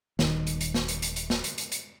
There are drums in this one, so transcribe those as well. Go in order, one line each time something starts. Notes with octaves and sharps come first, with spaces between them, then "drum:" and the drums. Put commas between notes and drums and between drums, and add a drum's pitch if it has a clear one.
D#1 G#1 D#3, drum: snare
drum: hi-hat
drum: hi-hat
drum: snare
drum: hi-hat
drum: hi-hat
drum: hi-hat
drum: snare
drum: hi-hat
drum: hi-hat
drum: hi-hat